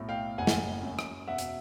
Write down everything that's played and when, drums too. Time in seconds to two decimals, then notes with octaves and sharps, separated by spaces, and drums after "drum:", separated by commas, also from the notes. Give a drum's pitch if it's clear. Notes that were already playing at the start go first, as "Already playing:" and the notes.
Already playing: B1 A2
0.09 F5 G5
0.38 F#1 F#5 G#5
0.47 drum: snare
0.83 F#2
0.99 drum: rim click
1.27 E1 E5 F#5
1.38 drum: hi-hat